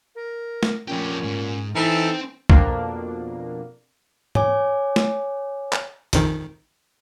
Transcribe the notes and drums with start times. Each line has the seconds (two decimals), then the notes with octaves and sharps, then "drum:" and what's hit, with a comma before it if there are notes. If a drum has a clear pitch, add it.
0.15 A#4
0.63 drum: snare
0.88 F2 A#2 C#4 G4
1.23 G#2
1.76 E3 C4 D#4 A4
2.50 F2 B2 A#3 D4, drum: kick B1
4.35 C#5 G#5 D6, drum: tom G#2
4.96 drum: snare
5.73 drum: clap
6.13 A#1 F2 D#3, drum: hi-hat